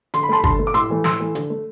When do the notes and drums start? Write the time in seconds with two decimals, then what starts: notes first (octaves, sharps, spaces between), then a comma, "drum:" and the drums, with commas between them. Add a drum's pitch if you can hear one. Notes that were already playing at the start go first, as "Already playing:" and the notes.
0.14 D3 C6, drum: hi-hat
0.23 B5
0.29 A3 A5 C6
0.38 B5
0.44 D3 A5 C6, drum: kick G1
0.59 A3
0.67 D6
0.74 A2 C6 E6, drum: hi-hat
0.90 E3 A3
1.04 A2 C6 E6, drum: snare
1.20 E3 A3
1.35 D3, drum: hi-hat
1.50 A3